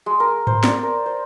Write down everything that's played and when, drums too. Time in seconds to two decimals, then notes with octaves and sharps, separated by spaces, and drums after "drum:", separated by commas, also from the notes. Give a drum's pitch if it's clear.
0.06 G#3
0.20 A#4
0.47 C5, drum: tom G#2
0.64 D5, drum: snare
0.83 A#4
1.06 C5